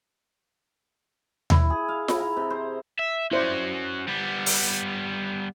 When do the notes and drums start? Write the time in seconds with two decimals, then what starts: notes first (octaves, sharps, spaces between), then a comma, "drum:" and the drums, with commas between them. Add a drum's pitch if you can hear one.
1.50 E4, drum: tom D#2
1.70 G#4
1.89 F5
2.08 E4, drum: snare F4
2.20 A#5
2.37 C3
2.50 C5
2.99 E5
3.31 C#4 E4 F#4 C5 D5
4.07 G3 B3
4.46 drum: open hi-hat